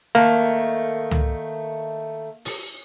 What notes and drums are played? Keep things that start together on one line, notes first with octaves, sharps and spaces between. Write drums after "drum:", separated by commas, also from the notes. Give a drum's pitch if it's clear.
D#3 A3 A#3, drum: hi-hat
drum: tom
drum: open hi-hat